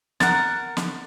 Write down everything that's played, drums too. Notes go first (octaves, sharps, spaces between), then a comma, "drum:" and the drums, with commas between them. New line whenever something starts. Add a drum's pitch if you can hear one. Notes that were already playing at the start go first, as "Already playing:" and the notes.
A#4 F#5 A6, drum: snare
drum: snare